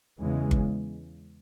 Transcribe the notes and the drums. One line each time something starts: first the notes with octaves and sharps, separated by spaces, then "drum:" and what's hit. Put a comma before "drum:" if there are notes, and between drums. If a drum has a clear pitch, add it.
E2 C#3 E3 G#3
drum: kick G1